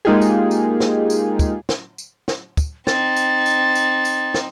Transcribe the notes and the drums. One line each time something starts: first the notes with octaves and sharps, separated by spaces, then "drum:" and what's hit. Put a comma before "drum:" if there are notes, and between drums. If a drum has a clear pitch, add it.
G#3 A#3 D#4 F4 G4 G#4
drum: tambourine
drum: tambourine
drum: snare
drum: tambourine
drum: kick, tambourine
drum: snare
drum: tambourine
drum: snare
drum: kick, tambourine
C4 D#4 A6, drum: snare
drum: tambourine
drum: tambourine
drum: tambourine
drum: tambourine
drum: snare